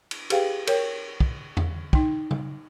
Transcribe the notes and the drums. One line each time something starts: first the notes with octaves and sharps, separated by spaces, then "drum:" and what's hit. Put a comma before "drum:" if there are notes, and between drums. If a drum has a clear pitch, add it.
drum: cymbal
G4 G#4 B4 F5 G5, drum: cymbal
A#4 C#5 G5, drum: cymbal
drum: kick
drum: tom E2
D#4 G5, drum: kick
drum: tom C#3